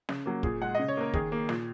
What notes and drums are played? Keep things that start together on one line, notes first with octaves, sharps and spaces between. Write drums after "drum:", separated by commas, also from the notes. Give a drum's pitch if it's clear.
C#3, drum: snare
F#3 A#3
A#2 G#4, drum: kick
G#3 F#5
C#3 D#5
C#5
A#3 A#4
D#3 G#4, drum: kick
A#3
A#2, drum: snare